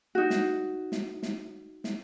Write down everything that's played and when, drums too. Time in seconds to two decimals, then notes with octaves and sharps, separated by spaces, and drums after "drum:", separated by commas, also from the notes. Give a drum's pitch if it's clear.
0.15 D#4 F#4
0.30 drum: snare
0.92 drum: snare
1.23 drum: snare
1.84 drum: snare